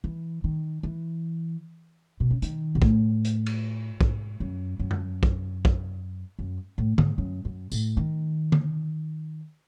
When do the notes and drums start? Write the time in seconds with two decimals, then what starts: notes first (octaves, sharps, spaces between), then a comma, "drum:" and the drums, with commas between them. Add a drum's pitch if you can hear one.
0.04 E3
0.44 D#3
0.83 E3
2.20 B2
2.31 C#3
2.42 D#3, drum: hi-hat
2.75 B2
2.82 A2, drum: kick
3.25 drum: hi-hat
3.46 drum: cymbal
4.01 G#2, drum: kick
4.40 F#2
4.79 F#2
4.91 drum: tom F#2
5.23 drum: kick
5.65 drum: kick
6.39 F#2
6.78 A2
6.98 G#2, drum: tom D3
7.18 F#2
7.45 F#2
7.72 A2, drum: tambourine
7.97 D#3
8.52 drum: tom D3